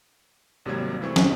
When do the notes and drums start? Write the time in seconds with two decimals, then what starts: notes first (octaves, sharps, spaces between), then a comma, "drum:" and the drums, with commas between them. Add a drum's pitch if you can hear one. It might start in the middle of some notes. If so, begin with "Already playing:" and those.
0.65 G#1 C3 F#3 G3 A#3 G#6
1.01 C3 E3 A3 C4 C#6
1.16 drum: snare